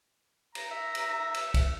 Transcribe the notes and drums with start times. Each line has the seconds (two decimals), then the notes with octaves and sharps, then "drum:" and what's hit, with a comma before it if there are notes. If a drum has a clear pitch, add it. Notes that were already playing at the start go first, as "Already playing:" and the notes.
0.55 A#5, drum: cymbal
0.71 E5
0.95 drum: cymbal
1.34 drum: cymbal
1.54 drum: kick, cymbal